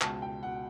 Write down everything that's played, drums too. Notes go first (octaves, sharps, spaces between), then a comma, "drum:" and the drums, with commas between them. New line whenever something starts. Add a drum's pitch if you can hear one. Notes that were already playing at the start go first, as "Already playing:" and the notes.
C#2 B2 A5, drum: clap
G5
B2 F#5